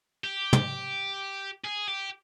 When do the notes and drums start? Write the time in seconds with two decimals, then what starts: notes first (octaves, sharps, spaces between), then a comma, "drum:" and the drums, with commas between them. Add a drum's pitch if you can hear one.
0.24 G4
0.53 drum: tom
1.64 G#4
1.87 G4